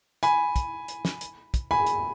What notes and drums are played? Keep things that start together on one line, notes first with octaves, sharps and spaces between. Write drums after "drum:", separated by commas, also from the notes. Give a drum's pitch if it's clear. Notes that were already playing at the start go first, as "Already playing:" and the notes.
G#5 B5, drum: hi-hat
drum: kick, hi-hat
drum: hi-hat
drum: snare
drum: hi-hat
drum: kick, hi-hat
G#5 B5
drum: hi-hat